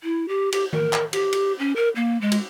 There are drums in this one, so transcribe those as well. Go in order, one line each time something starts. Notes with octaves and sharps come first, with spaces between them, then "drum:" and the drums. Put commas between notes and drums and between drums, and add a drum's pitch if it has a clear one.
E4
G4
G4, drum: cymbal
A#4, drum: tom D#3
drum: clap
G4, drum: cymbal
drum: cymbal
C#4
A#4
A#3
G#3
drum: cymbal